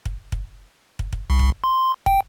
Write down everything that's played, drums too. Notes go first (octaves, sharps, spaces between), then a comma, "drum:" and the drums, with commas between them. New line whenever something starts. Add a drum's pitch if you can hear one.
drum: kick
drum: kick
drum: kick
drum: kick
C2
drum: kick
C6
G5, drum: kick